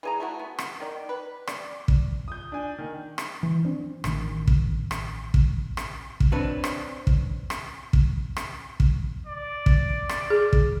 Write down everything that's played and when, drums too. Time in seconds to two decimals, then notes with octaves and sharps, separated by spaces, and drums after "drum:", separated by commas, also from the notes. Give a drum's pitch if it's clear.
0.03 E3 G#4 A#5
0.20 A3 E4 F#4
0.39 B3
0.58 drum: rim click
0.80 D#3 D5
1.09 B4
1.47 D5, drum: rim click
1.88 drum: kick
2.28 D#6 G6
2.52 D4 G#5
2.78 D#3
3.18 drum: rim click
3.43 E3
3.65 C4 D4
4.04 A1 D#3, drum: rim click
4.47 drum: kick
4.91 drum: rim click
5.34 drum: kick
5.77 drum: rim click
6.20 drum: kick
6.32 C4 D4 B4 C#5
6.64 drum: rim click
7.07 drum: kick
7.50 drum: rim click
7.93 drum: kick
8.36 drum: rim click
8.80 drum: kick
9.27 D5
9.66 drum: kick
10.09 drum: rim click
10.30 G#4
10.53 drum: kick